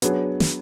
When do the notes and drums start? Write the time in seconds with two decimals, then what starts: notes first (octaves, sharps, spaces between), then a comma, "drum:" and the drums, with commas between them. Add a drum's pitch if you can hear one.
0.02 F#3 B3 D4 G#4, drum: hi-hat
0.40 drum: snare